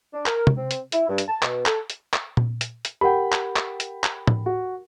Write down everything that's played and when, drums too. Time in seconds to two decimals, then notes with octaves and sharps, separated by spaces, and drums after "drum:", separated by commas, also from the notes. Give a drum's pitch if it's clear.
0.13 D4
0.26 A#4, drum: clap
0.47 drum: tom
0.57 C4
0.71 drum: hi-hat
0.92 E4, drum: hi-hat
1.09 G2
1.18 drum: hi-hat
1.28 A5
1.42 B2, drum: clap
1.66 A4, drum: clap
1.90 drum: hi-hat
2.13 drum: clap
2.37 drum: tom A#2
2.61 drum: hi-hat
2.85 drum: hi-hat
3.01 G4 A#4 F#5 G5 B5
3.32 drum: clap
3.56 drum: clap
3.80 drum: hi-hat
4.04 drum: clap
4.27 drum: tom
4.46 F#4